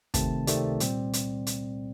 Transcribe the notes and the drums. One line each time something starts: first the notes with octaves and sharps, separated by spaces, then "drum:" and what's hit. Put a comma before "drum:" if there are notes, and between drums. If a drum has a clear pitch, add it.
C3 D#3 A3 C4 A5, drum: kick, hi-hat
C3 D#3 A3 C4 D5, drum: hi-hat
A#2 G3 C4, drum: hi-hat
drum: hi-hat
drum: hi-hat